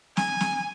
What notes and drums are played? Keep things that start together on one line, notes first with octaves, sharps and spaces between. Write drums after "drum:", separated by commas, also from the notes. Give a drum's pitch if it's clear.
G#5, drum: snare
drum: snare